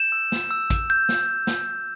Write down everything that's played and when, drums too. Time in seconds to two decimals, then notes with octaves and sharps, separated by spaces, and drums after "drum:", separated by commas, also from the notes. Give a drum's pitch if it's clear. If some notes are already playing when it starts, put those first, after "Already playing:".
Already playing: G6 E7
0.12 E6
0.32 drum: snare
0.51 E6
0.70 drum: kick, hi-hat
0.90 G6
1.09 drum: snare
1.47 drum: snare